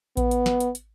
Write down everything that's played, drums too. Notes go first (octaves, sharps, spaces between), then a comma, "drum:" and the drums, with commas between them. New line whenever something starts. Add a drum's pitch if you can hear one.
B3, drum: kick A1, hi-hat
drum: hi-hat
drum: snare
drum: hi-hat
drum: hi-hat